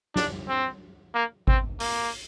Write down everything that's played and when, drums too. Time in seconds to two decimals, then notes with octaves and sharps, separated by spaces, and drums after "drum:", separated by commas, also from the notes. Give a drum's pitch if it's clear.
0.16 D4, drum: snare
0.49 C4
1.14 A#3
1.48 C4, drum: kick G#1
1.80 A#3, drum: open hi-hat